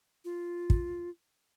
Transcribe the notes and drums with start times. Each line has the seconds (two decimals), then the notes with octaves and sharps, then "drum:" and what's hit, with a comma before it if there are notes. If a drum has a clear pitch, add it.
0.25 F4
0.70 drum: kick